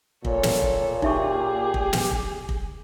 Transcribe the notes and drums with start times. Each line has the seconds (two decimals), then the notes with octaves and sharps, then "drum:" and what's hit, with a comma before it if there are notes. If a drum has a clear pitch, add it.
0.25 A#2 A4 C#5, drum: kick
0.43 drum: snare
0.62 drum: kick
1.02 D#4 G4 G#4 E5 C#6, drum: kick
1.74 drum: kick
1.93 drum: snare
2.11 drum: kick
2.49 drum: kick